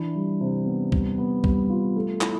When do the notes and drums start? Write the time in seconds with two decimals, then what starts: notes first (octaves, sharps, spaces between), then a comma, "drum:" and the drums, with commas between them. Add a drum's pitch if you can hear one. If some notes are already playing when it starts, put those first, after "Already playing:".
Already playing: E3 D4 E4
0.15 G3
0.40 C3
0.66 B3
0.92 G3, drum: kick
1.18 B3
1.44 G3, drum: kick
1.70 F4
1.96 A3
2.21 E4, drum: clap